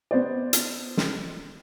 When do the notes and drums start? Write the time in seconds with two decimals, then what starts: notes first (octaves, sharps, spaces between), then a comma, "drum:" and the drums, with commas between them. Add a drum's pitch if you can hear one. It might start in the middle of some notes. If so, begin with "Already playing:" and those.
0.11 B3 C5 D5
0.53 drum: hi-hat
0.97 drum: snare